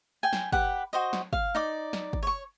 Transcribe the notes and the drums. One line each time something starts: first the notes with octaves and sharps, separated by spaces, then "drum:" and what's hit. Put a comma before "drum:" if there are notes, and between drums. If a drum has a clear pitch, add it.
G5 G#5
drum: snare
G4 B4 F#5, drum: kick
F#4 C5 D#5
drum: snare
F5, drum: kick
D#4 D5 D6
drum: snare
drum: kick
C#5 C#6